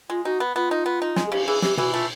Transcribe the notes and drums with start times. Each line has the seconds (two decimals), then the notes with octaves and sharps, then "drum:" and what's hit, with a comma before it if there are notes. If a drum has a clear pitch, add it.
0.10 G#3 F4
0.25 D#4 F#4
0.40 B3
0.56 B3 F4
0.71 D#4
0.86 B3
1.02 D#4
1.16 G#3, drum: snare
1.26 G#4
1.32 C#3 G4, drum: cymbal
1.48 E3 G#4
1.62 E3 G4, drum: snare
1.77 E3 F#4, drum: tom B2
1.93 A3 F4